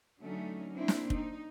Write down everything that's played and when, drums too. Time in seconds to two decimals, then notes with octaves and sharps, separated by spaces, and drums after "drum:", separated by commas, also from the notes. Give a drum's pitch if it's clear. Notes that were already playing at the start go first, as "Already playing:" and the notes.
0.20 D3 F#3 A3 C#4 D#4
0.74 A#3 C4 D4 E4
0.88 drum: snare
1.10 D#4, drum: kick